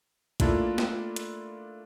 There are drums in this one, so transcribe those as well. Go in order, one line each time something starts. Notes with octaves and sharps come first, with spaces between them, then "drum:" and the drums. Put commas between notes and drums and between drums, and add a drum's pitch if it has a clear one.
A3 A#3 D4 E4 F4 A4, drum: kick, hi-hat
drum: snare
drum: hi-hat